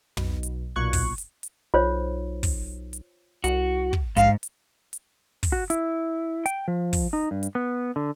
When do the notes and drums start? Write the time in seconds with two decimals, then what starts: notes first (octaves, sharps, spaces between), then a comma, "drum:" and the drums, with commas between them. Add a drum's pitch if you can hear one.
0.17 B1, drum: tom
0.43 drum: hi-hat
0.76 B1 A#2 C#6 F#6 G#6
0.93 drum: kick, open hi-hat
1.18 drum: hi-hat
1.43 drum: hi-hat
1.74 B1 F4 C5 C#5
2.43 drum: kick, open hi-hat
2.93 drum: hi-hat
3.44 C2 F#4, drum: hi-hat
3.93 drum: kick
4.17 A#1 G#2 F5, drum: hi-hat
4.43 drum: hi-hat
4.93 drum: hi-hat
5.43 drum: kick, open hi-hat
5.52 F#4
5.70 E4, drum: hi-hat
6.46 G5, drum: hi-hat
6.68 F3
6.93 drum: kick, open hi-hat
7.13 D#4
7.31 G2
7.43 drum: hi-hat
7.55 B3
7.96 D3